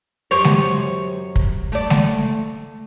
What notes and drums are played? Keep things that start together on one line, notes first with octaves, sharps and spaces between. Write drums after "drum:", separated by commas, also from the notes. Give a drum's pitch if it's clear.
F#2 G4 C5 C#5
drum: snare G#3
drum: kick
A3 D5
drum: snare G#3